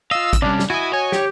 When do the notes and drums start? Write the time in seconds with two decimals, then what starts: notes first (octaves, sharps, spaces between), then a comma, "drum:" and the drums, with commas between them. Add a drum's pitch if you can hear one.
0.11 F4 D#5 F5 E6
0.33 drum: kick A1, hi-hat
0.42 C3 G3 C#4 D4
0.59 drum: snare
0.70 E4 F#4 D#5 G#5
0.93 C#5 G#5
1.12 G4, drum: snare